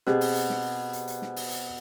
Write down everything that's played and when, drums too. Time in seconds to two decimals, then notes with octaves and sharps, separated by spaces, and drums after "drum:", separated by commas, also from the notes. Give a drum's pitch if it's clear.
0.07 B2 C4 G4 G#4, drum: snare
0.21 drum: open hi-hat
0.35 drum: hi-hat
0.50 drum: snare
0.93 drum: hi-hat
1.08 drum: hi-hat
1.22 drum: snare
1.36 drum: open hi-hat
1.51 drum: hi-hat